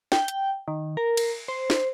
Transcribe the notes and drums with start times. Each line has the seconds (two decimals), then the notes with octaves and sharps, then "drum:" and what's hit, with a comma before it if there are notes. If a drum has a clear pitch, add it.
0.12 G5, drum: snare
0.28 drum: hi-hat
0.68 D#3
0.97 A#4
1.17 drum: cymbal
1.48 C5
1.70 drum: snare